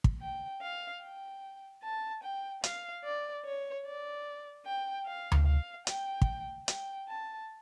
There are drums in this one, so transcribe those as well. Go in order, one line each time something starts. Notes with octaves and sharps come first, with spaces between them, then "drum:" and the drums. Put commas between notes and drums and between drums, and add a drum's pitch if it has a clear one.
drum: kick
G5
F5
G5
A5
G5
F5, drum: hi-hat
D5
C#5
D5
G5
F5
drum: tom D2
F5
G5, drum: hi-hat
drum: kick
G5, drum: hi-hat
A5